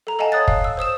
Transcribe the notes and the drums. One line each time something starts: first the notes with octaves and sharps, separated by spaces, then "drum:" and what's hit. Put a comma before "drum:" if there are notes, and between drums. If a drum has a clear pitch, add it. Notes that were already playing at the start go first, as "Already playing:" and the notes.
A4 A#5
A4 D#5 F5 F#5 G#5 A5
C#5 D#6 F#6 A6
F5, drum: kick
E6
C5 D#6 E6 E7